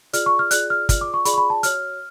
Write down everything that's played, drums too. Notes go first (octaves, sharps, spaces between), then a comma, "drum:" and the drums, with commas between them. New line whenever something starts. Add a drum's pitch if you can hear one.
F4 G#4 D5 F6, drum: hi-hat
C#6
F6
F4 G#4 D5 F#6, drum: hi-hat
F6
F4 G#4 D5 F6, drum: kick, hi-hat
D6
C#6
F4 G#4 D5 B5, drum: hi-hat
C#6
B5
A5
F#4 C#5 F6, drum: hi-hat